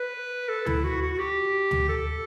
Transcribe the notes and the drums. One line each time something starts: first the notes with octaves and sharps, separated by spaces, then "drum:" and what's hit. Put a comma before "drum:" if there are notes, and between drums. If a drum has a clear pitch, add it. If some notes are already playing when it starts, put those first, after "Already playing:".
Already playing: B4
A4
E4, drum: tom
F#4
F#4
F#4
G4
drum: tom
A4